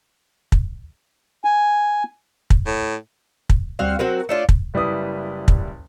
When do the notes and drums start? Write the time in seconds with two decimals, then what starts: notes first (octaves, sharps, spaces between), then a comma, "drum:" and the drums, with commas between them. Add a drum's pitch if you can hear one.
0.52 drum: kick
1.44 G#5
2.50 drum: kick
2.66 A2
3.50 drum: kick
3.79 D2 G3 C4 F#4 D5 F5
3.99 F#3 C4 F#4 A#4
4.29 A3 D4 F4 C#5 C#7
4.49 drum: kick
4.74 F#1 G3 E4 B4 D#6
5.48 drum: kick